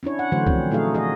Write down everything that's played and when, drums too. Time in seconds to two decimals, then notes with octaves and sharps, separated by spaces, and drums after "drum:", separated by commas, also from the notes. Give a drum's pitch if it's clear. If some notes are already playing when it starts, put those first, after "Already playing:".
0.03 C#4 D4 E4 C#5
0.19 F#5
0.32 D3 E3 F#3 A3 F#4 C5
0.47 F3 C4 C#4, drum: kick
0.71 A#2 A3 D#4 F#4 G#4 F5
0.94 G#4 D#5